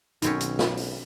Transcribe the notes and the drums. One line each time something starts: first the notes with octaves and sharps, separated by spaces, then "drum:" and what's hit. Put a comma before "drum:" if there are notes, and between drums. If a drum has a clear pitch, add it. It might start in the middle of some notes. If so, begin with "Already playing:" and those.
B1 B2 D#3 C4 C#4, drum: hi-hat
drum: hi-hat
drum: snare
drum: open hi-hat